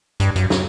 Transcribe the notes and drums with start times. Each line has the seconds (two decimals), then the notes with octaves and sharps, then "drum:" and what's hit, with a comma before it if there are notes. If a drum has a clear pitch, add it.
0.20 G2, drum: hi-hat
0.36 F#2, drum: hi-hat
0.50 drum: snare